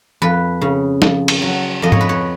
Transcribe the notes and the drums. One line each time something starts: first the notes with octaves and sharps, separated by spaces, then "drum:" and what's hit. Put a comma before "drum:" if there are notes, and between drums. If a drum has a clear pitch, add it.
F2 B4
C#3
F2, drum: snare
drum: cymbal
F#3
F2 D#5
C#5, drum: tom G#2
B4
C#5